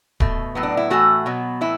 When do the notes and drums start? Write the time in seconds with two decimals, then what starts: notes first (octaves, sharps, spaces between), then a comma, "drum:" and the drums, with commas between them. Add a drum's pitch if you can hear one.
0.20 B2 A3, drum: kick D1
0.55 A2 F#3 B3
0.63 D4
0.77 E4
0.90 A2 E3 A3 F#4
1.26 B2 F#3 B3
1.61 A2 E3 E4